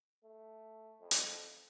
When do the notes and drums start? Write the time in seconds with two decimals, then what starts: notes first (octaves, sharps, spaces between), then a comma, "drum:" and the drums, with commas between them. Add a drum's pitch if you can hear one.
0.23 A3
1.01 F2
1.11 drum: hi-hat